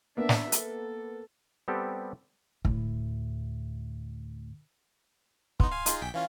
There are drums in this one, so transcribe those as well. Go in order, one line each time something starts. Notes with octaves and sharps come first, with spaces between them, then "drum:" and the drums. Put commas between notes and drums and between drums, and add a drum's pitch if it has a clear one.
A#3 B3 D4 E5
drum: snare
A4, drum: hi-hat
G3 B3 C4 G4 A4
D2 A2, drum: kick
B3 D#4 C6, drum: kick
F5 G#5
D#4 F4 G#4, drum: hi-hat
B1 G5 G#5 B6
E3 C#4 F4 F5